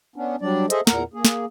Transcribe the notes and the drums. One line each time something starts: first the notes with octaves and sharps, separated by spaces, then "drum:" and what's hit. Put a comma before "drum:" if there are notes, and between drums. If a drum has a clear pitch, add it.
B3 C#4 D4
F#3 G3 D4 D5
G#4 A4 C5 D#5 E5, drum: hi-hat
E2 A#2 A#4 F#5 A#5, drum: snare
A#3 G#4
drum: snare